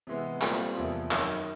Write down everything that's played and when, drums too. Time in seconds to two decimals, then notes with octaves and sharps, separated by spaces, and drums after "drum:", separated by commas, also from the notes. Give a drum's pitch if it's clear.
0.07 C3 E3 G#3 B3
0.41 A#2 G3 C4 F4 A4, drum: clap
0.77 E2 C3 F3 A#3
1.11 F#2 D#3 F#3, drum: clap